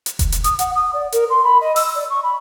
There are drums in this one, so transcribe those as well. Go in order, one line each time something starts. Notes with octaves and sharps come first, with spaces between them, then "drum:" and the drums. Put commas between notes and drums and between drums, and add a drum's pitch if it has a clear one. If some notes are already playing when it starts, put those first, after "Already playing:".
drum: hi-hat
drum: kick F1, hi-hat
drum: hi-hat
D#6, drum: hi-hat
F#5, drum: hi-hat
D#6
D5
A#4, drum: hi-hat
C6
B5
D#5
E6, drum: open hi-hat
D5
C#6
B5